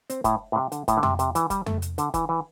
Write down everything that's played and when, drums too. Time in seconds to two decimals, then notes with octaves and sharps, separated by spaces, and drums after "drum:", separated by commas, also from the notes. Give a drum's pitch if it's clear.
0.10 C4, drum: hi-hat
0.24 A2, drum: kick F1, hi-hat
0.52 A2
0.56 C3
0.72 D3, drum: hi-hat
0.88 A2, drum: kick F1, hi-hat
0.97 D3
1.03 C3, drum: tom F2
1.19 C3, drum: hi-hat
1.35 E3, drum: hi-hat
1.50 G3, drum: kick F1, hi-hat
1.66 A3, drum: tom F2
1.82 drum: hi-hat
1.98 D3, drum: hi-hat
2.14 E3, drum: kick F1, hi-hat
2.29 E3